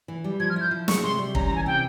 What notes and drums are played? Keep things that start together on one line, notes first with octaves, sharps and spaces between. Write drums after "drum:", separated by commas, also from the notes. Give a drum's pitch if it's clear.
E3
G3
F3 G#6
F6
E4 G6
F3
G#3 C#6, drum: snare
C3 C6
G3
C#4 A#5, drum: kick
A#5
E3
G#5
C3 G5